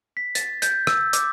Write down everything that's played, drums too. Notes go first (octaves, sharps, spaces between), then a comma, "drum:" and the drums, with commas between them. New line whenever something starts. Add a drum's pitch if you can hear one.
B6
A6, drum: hi-hat
G6, drum: hi-hat
E6, drum: rim click
D6, drum: hi-hat